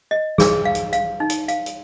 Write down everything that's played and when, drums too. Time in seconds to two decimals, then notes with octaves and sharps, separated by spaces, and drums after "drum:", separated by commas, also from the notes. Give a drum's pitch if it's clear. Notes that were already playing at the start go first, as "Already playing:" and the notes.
0.11 D#5
0.38 G#4, drum: snare
0.65 F5
0.75 drum: hi-hat
0.93 F5, drum: hi-hat
1.20 D#4
1.30 drum: hi-hat
1.48 F5, drum: hi-hat
1.66 drum: hi-hat